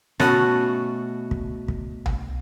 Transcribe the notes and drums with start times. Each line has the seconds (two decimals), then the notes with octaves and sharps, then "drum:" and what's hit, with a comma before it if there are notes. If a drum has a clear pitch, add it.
0.20 B2 A3 C#4 F#4, drum: snare
1.31 drum: kick
1.68 drum: kick
2.06 drum: tom C2